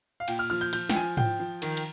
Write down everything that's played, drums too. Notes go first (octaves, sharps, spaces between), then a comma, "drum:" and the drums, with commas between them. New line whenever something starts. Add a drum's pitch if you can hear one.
F5
A#2 G5, drum: cymbal
F6
F3 F6
G6
F3 G6, drum: cymbal
G5, drum: snare
F3 G#5
F3 G5, drum: tom G#2
F3
D#3, drum: cymbal
drum: cymbal